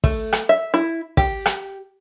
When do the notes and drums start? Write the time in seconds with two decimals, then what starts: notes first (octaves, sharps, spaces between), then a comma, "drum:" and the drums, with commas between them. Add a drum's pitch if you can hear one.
0.04 A3, drum: kick
0.32 drum: rim click
0.49 E5
0.74 E4
1.17 G4, drum: kick
1.46 drum: rim click